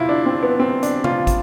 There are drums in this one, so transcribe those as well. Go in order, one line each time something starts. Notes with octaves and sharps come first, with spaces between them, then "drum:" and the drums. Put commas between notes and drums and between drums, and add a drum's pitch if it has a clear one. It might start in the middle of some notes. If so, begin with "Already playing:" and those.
Already playing: E2 C3 E4 F4
D4
C4
B3
C4
D4, drum: hi-hat
F4, drum: tom C3
drum: kick, hi-hat